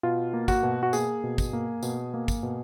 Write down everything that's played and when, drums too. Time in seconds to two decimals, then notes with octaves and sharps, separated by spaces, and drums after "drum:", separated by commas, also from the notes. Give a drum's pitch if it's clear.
0.03 B2 F4
0.33 A#3
0.48 F#4, drum: kick, tambourine
0.63 B2
0.83 F#4
0.93 A#3 G#4, drum: tambourine
1.24 B2
1.38 drum: kick, tambourine
1.53 A#3
1.83 B2, drum: tambourine
2.14 A#3
2.28 drum: kick, tambourine
2.43 B2